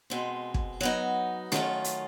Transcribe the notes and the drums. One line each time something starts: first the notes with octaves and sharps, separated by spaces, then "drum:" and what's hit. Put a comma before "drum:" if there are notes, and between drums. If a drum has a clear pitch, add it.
B2 G#3 C4
drum: kick
F#3 B3 D#4
D#3 F#3 A3 C#4 F4, drum: snare
drum: hi-hat